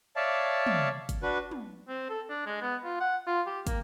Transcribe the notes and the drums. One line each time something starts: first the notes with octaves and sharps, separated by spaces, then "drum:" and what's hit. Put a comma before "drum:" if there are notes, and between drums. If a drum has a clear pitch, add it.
C#5 D5 E5 F5 A5
drum: tom
drum: kick, hi-hat
D4 F#4 B4
drum: tom
C4
A4
D4
G#3
B3
F4
F#5
F4
G4
A#3, drum: kick, hi-hat